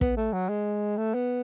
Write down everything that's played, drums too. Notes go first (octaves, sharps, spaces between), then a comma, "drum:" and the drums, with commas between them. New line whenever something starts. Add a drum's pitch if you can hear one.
B3, drum: kick
A3
F#3
G#3
A3
B3